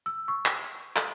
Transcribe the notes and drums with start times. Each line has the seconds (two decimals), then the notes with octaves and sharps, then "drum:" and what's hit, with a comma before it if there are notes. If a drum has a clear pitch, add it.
0.06 E6
0.28 C#6
0.45 drum: clap
0.96 A4, drum: clap